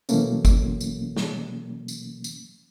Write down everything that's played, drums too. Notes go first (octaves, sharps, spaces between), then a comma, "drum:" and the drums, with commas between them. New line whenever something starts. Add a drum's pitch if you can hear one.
B2 E3 F#3 A3 A#3 C#4, drum: tambourine
drum: kick G1, tambourine
drum: tambourine
drum: snare
drum: tambourine
drum: tambourine